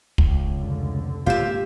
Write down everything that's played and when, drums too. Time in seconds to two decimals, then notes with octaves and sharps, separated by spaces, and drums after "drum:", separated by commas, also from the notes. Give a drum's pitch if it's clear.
0.18 C#2, drum: kick
0.54 F1 D3
1.26 G#2 A#3 F4 G4 E5